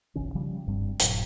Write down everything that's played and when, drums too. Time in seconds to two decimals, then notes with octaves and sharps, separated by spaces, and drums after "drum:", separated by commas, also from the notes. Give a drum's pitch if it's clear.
0.15 F1 B1 D#3 C#4
0.35 C#3 F3 G3
0.66 F#1 G2 G3 C4
1.00 D#1 G2 A#2 F#3, drum: hi-hat